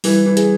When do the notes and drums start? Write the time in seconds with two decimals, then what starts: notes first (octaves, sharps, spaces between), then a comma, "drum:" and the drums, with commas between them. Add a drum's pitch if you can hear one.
0.04 E3 G3, drum: open hi-hat
0.26 E3
0.37 G#4, drum: hi-hat